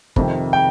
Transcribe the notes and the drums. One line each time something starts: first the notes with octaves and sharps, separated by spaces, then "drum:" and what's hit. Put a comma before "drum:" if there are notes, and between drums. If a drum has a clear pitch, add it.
F2 C3 D#3, drum: kick
G5